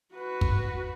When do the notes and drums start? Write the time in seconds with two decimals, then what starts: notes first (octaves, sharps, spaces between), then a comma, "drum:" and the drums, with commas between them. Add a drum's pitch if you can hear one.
0.14 F#4 B4
0.41 drum: kick